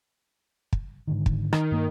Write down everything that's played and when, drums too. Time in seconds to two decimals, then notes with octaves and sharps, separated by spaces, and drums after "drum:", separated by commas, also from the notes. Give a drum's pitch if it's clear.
0.73 drum: kick
1.07 G#2 D3 D#3
1.26 drum: kick
1.53 D#3, drum: rim click
1.71 G2 A#3